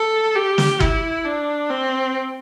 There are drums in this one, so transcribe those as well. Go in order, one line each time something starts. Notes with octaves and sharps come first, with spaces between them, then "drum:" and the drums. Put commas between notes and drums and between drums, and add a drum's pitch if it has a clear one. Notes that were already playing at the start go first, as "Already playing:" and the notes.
Already playing: A4
G4
drum: snare
E4, drum: kick
D4
C4